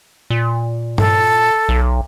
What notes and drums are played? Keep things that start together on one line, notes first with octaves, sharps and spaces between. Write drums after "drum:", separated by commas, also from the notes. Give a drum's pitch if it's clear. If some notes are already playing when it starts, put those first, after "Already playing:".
A#2
A4, drum: tom G2
B1